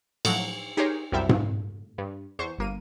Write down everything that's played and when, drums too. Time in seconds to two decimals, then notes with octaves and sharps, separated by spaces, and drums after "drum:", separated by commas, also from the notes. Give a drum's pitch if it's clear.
0.25 A2 F3 F#3, drum: cymbal
0.77 D#4 G4 G#4 A#4 C5 C#5
1.12 C2 F#2 C3 G3 E5 G5
1.29 drum: tom G#2
1.98 G2
2.39 E2 C5 C#6
2.59 G1 A#3 D#7